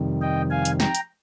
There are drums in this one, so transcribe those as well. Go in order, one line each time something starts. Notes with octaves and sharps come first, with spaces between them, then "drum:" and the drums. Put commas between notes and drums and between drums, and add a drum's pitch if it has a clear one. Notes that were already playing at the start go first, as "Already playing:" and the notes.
Already playing: F2 C3 D#3 G3
D#5 G5
F5 G#5
drum: hi-hat
G5 A#5, drum: snare
drum: hi-hat